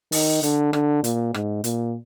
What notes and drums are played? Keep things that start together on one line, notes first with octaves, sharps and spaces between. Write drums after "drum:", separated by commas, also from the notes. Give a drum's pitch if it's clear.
D#3, drum: open hi-hat
D3, drum: hi-hat
D3, drum: rim click
A#2, drum: hi-hat
G#2, drum: rim click
A#2, drum: hi-hat